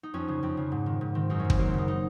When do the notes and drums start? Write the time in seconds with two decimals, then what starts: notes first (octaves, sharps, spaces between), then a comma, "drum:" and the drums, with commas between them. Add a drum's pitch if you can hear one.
0.03 D#4
0.14 F2 C#4
0.28 C#3
0.43 F2 C4
0.57 C#3
0.72 G#2
0.86 D#3
1.01 G#2
1.15 D#3 C4
1.30 F#2 D#4
1.39 C#4
1.45 C#3
1.50 C4, drum: kick
1.58 F#2 A#3
1.68 C4
1.74 C#3 D#4
1.88 D#4